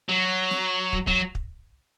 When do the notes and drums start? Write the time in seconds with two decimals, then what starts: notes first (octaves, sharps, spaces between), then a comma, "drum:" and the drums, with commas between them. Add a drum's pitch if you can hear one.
0.09 F#3
0.50 drum: snare
0.93 drum: kick
1.07 F#3, drum: kick
1.35 drum: kick